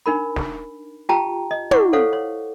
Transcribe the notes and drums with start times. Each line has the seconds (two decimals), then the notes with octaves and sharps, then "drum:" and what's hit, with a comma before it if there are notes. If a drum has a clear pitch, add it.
0.06 D4 D#4 A#4 B5
0.36 drum: snare
1.09 F4 G4 G5 A5 A#5
1.51 D#5
1.71 E4 D5 F#5 C#6 D6, drum: tom
1.93 A4 C5 C#5 F5 F#5
2.13 C#5